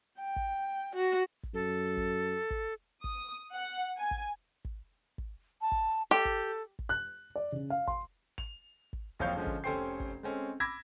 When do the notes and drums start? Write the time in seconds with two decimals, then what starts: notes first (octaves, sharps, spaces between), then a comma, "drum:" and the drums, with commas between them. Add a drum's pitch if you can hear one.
0.19 G5
0.36 drum: kick
0.96 F#4
1.43 drum: kick
1.54 F#2 A4
1.97 drum: kick
2.50 drum: kick
3.04 D#6, drum: kick
3.54 F#5
3.99 G#5
4.11 drum: kick
4.65 drum: kick
5.18 drum: kick
5.61 A5
5.72 drum: kick
6.11 G4 A4
6.25 drum: kick
6.79 drum: kick
6.89 F#6
7.36 D5
7.52 C#3
7.70 F5
7.87 C6, drum: kick
8.38 F7, drum: kick
8.93 drum: kick
9.19 F#1 F2 F3 C#5 F5 G6
9.37 D3 F3 G#3 C#4
9.46 drum: kick
9.64 F1 C#4 A4 C5 G5 C7
10.00 drum: kick
10.23 G#3 C4 C#4 A4
10.60 B5 D6 E6 G#6 A#6 B6